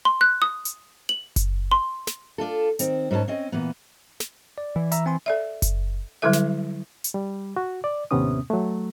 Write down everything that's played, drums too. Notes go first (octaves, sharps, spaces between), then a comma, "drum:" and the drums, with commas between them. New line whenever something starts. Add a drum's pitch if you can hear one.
C6
F#6
D#6
drum: hi-hat
F#7
drum: kick F#1, hi-hat
C6
drum: snare
D4 F4 A4
D#3 C4, drum: hi-hat
G#2 C#4 C5 C#5 A5
C4 C#4 D#5
A#2 E3 B3
drum: snare
D5
E3
E5 A#5 E6, drum: hi-hat
C4 G#5 C6
A4 D5 E5
drum: kick F#1, hi-hat
D3 F#3 G3 E4 A4 E5
drum: snare
drum: hi-hat
G3
F#4
D5
D#2 A2 C3 B3 C#4 D#6
F#3 A3